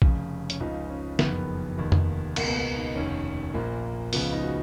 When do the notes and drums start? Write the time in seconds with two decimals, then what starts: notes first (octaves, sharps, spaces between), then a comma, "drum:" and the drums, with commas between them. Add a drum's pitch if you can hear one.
0.02 F1 F2 C#3, drum: kick A#1
0.50 C#4, drum: hi-hat
0.60 C#2 C#3 F3 D#4
0.90 C#4
1.19 F#1 F2 D#3 B3, drum: snare
1.78 F1 D#2 D#3
1.92 drum: tom F2
2.36 C#2 B2 A#3, drum: cymbal
2.48 B3
2.56 A#3
2.76 D#4
2.95 F1 D#2 D#3 C#4
3.54 A#1 A#2 F3 A#3
4.13 C#2 C#3 F3 B3, drum: open hi-hat
4.32 D#4
4.43 F#4